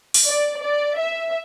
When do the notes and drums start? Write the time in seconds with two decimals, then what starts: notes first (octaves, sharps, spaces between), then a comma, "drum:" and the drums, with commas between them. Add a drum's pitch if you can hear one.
0.14 drum: open hi-hat
0.26 D5
0.61 D5
0.97 E5